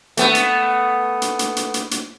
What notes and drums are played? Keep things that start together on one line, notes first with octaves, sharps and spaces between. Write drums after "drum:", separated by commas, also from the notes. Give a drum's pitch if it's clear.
A3 B3, drum: hi-hat
drum: hi-hat
drum: hi-hat
drum: hi-hat
drum: hi-hat
drum: hi-hat
drum: hi-hat